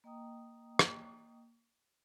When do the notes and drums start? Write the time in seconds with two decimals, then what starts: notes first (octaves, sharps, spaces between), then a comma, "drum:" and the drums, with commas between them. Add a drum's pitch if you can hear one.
0.04 A#3 D#5 G5 A#5 D#6
0.79 drum: rim click